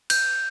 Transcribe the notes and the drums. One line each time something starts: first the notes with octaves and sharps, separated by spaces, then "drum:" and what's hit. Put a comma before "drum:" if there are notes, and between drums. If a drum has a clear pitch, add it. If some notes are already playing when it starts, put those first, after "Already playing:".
G6, drum: cymbal